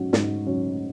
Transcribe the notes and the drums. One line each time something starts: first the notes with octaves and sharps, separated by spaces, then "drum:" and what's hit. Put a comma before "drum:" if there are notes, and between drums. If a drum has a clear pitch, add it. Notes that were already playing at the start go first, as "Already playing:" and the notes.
Already playing: G#2 F#3 C#4 F#4
G#2, drum: snare
F#3 C#4 F#4